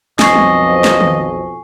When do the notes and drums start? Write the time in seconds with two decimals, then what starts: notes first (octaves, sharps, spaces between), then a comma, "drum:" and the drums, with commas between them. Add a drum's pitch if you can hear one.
0.19 B1 F2 D#5 G#5 C#6 C7, drum: snare
0.35 drum: tom G3
0.84 drum: snare
1.00 drum: tom D#3